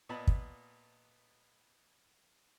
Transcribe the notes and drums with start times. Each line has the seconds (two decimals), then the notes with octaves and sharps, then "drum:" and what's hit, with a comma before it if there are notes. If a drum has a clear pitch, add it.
0.09 A#2 B3 D#5 A5 B5
0.27 drum: kick